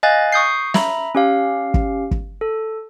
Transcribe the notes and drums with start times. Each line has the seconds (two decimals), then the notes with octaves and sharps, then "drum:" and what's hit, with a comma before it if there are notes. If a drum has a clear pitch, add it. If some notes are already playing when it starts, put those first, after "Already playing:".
0.03 D#5 F5 G#5 F#6 A6
0.32 C#6 D#6 G6 C7
0.74 E5 A#5 B5, drum: snare
1.15 C#4 G4 F5
1.74 drum: kick
2.11 drum: kick
2.41 A4